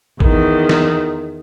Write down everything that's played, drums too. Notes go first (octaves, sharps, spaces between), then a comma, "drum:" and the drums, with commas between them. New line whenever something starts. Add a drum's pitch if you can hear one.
E2 D#3, drum: kick
drum: snare